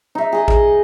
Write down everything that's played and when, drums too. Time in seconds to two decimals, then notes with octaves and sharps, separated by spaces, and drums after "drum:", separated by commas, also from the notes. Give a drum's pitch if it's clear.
0.15 D#4 E5
0.32 G#4 D#5
0.48 D#5, drum: kick A1